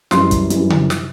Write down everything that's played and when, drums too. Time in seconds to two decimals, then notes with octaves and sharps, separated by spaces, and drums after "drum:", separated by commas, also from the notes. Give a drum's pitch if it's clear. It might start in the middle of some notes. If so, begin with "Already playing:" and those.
0.11 F#2 E3 G3 C6, drum: snare
0.31 drum: kick, hi-hat
0.50 F#2 E3 G3, drum: hi-hat
0.70 drum: tom C#3
0.90 drum: snare